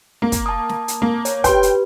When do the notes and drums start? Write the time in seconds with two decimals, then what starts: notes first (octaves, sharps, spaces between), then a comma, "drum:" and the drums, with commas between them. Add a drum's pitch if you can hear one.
0.22 A#3
0.32 drum: kick, hi-hat
0.46 A5 D#6
0.69 drum: snare
0.88 drum: hi-hat
1.02 A#3
1.25 C#5, drum: hi-hat
1.44 G4 B4 G5 C6, drum: kick, hi-hat
1.63 drum: hi-hat